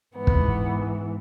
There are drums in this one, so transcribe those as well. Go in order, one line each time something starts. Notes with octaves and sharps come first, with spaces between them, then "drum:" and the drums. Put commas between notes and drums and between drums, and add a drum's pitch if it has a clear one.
G#2 E3 B3
drum: kick